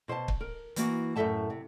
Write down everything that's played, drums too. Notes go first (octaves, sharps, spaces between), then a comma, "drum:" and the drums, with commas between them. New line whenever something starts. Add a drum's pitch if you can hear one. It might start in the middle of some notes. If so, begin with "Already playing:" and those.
B2 C5 D#5 A5
drum: kick
A#4
E3 A#3 F#4, drum: hi-hat
F#2 A2 A3 A4 E5 A5
C3